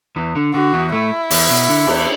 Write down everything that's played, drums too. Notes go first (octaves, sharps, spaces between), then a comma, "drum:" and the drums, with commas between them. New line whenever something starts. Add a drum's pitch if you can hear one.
E2 E3
D3
D3 F#4
E2 E3
A2 A3 E4
E2 E3, drum: open hi-hat
B2
D3
E2 E3, drum: cymbal